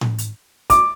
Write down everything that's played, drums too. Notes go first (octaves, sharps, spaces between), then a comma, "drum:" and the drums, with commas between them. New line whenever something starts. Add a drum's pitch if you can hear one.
drum: tom A2
drum: hi-hat
D6, drum: kick, hi-hat